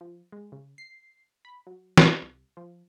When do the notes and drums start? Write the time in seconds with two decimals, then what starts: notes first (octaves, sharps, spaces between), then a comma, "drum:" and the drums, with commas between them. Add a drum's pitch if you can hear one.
0.01 F3
0.32 G#3
0.52 C#3
0.78 C7
1.45 B5
1.67 F#3
1.97 drum: snare
2.22 C2
2.57 F3